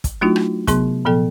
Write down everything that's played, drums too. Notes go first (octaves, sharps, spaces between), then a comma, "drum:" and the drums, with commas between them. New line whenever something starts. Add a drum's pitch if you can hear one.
drum: kick, hi-hat
F#3 A3 D4 D#4 F4 F#4
drum: rim click
C3 F#3 B3 G#4 C6, drum: kick, hi-hat
A#2 F3 B3 A4 G5